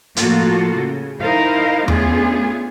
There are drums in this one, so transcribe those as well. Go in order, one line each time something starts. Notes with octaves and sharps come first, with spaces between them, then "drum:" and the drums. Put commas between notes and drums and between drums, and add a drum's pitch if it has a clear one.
A2 F3 A#3 F4 F#4 A4, drum: hi-hat
C#3
D#4 E4 A#4 C5 D#5 F5
A3 B3 C#4 D4 F4 G#4, drum: tom E2